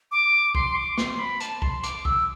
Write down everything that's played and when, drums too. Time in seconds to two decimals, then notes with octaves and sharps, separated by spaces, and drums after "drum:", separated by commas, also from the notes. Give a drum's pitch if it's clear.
0.12 D6
0.55 C6, drum: kick C2
0.76 D6
0.98 C6, drum: snare
1.19 B5
1.40 A5, drum: hi-hat
1.62 C6, drum: kick C2
1.84 D6, drum: hi-hat
2.05 E6, drum: kick C2